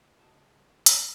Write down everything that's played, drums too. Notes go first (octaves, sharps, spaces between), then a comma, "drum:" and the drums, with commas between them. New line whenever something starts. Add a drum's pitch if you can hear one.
C#3 F#4 G#4 D#5 A5
drum: hi-hat